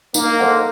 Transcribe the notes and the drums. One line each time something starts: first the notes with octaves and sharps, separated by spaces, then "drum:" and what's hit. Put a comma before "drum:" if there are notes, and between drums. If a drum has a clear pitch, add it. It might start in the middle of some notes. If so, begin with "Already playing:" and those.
A#3 D#4, drum: tambourine
A4 C5 D#5 F#5